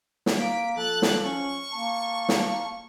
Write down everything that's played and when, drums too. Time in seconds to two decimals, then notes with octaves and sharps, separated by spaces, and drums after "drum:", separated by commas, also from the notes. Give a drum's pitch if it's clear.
0.26 drum: snare
0.36 A#3 B6 D7
0.77 F3 A4 F#6 A6
1.02 drum: snare
1.24 C#4 C#6
1.73 A#3 A5
2.29 drum: snare